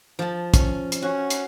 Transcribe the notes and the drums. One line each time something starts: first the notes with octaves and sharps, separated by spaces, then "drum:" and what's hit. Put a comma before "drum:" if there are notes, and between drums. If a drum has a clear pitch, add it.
F3 A5
C#4, drum: kick, hi-hat
drum: hi-hat
C#4 F#4
drum: hi-hat